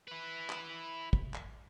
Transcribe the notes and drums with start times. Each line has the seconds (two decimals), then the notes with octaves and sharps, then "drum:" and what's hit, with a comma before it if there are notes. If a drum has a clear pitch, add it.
0.08 E4 B4
0.50 drum: clap
1.13 drum: kick
1.34 drum: clap